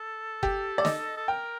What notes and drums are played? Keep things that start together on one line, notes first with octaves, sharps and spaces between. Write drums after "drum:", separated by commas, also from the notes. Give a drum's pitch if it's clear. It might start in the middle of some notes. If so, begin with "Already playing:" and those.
Already playing: A4
G4, drum: kick F#1
D5
D#5, drum: snare
A4
A#4 G5